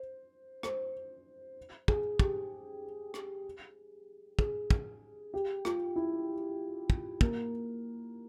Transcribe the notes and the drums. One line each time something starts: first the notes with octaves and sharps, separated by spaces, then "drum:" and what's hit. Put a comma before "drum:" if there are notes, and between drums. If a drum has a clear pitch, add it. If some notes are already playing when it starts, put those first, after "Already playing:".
Already playing: C5
C5, drum: rim click
G#4, drum: kick
G4, drum: kick
drum: rim click
G#4, drum: kick
drum: kick
G4
F4, drum: rim click
E4
drum: kick
A#3, drum: kick